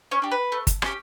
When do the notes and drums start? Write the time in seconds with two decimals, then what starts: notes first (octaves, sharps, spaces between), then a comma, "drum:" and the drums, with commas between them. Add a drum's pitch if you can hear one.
0.11 C#4 C#5
0.22 D4 G4
0.32 B4
0.52 A3
0.67 drum: kick G1, hi-hat
0.82 C#4 G4, drum: rim click